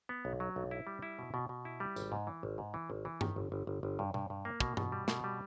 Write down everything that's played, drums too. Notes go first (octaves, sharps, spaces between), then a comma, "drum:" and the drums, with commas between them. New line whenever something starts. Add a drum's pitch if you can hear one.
B3
B1
F#3
B1
E4
G3
E4
B2
B2
B2
E4
G3
G#1, drum: tambourine
G#2
E3
G#1
G#2
E3
G#1
E3
D#3, drum: tom G2
G1
G1
G1
G1
G2
G2, drum: tom B2
G2
A#3
B2, drum: kick
B2, drum: tom G2
G3
B2, drum: snare
G3